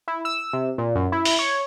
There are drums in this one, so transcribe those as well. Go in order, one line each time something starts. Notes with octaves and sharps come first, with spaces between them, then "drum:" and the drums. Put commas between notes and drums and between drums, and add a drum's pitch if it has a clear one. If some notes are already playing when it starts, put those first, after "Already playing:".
E4
E6
C3
A#2
F#2
E4
drum: open hi-hat
C#5